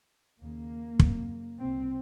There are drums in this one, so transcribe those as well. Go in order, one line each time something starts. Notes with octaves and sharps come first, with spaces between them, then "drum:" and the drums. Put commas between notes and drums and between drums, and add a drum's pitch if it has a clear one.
D#2 C#3 A#3
F#2 C#3, drum: kick
C2 B2 C4